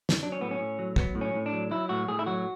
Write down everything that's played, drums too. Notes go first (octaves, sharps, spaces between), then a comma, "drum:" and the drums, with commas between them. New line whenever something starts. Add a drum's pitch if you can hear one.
drum: snare
F#3 D4
C#4
A2 B3
C#4
A2
F#3
F#3 B3, drum: kick
A2
C#4
A2
D4
F#3
F#3 E4
A2 F#4
A2 G#4
E4
F#3 F#4